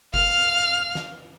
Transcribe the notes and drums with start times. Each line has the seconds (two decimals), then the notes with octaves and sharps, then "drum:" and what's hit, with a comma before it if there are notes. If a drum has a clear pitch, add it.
0.14 F5 F6, drum: kick G1
0.95 drum: snare